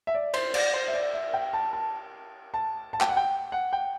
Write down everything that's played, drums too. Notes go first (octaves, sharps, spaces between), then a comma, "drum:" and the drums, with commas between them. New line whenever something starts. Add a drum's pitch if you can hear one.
E5
D5
C5, drum: cymbal
D5, drum: cymbal
C5
E5
D5
E5
G5
A5
A5
A5
A5
G5, drum: clap
F#5
G5
F#5
G5